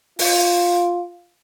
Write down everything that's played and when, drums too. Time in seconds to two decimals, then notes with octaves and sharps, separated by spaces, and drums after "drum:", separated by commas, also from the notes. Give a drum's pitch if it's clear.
0.19 F4, drum: open hi-hat